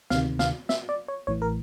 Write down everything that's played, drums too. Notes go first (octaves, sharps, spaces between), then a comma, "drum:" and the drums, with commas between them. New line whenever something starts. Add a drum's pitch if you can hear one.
D2 C3 D#3 F5, drum: snare
F5, drum: snare
E5, drum: snare
D5
C#5
A1 A2 E3 C#5
A#4